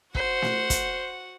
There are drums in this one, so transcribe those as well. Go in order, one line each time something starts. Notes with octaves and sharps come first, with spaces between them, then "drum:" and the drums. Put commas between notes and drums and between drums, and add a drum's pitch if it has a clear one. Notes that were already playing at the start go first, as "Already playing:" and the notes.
F#4 C5 F#5, drum: kick
drum: snare
drum: kick, hi-hat